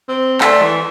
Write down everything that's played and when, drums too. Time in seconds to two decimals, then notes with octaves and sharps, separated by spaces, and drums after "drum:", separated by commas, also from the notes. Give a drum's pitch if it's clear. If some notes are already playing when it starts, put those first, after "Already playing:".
0.08 C4
0.41 A3 A4 D5 A5 C6, drum: clap
0.62 E3